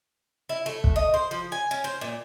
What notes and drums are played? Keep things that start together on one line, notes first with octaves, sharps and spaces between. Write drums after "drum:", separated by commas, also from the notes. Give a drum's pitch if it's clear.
E4
A3
drum: kick
D#5
C5
F3
G#5
C#4
C5
A#2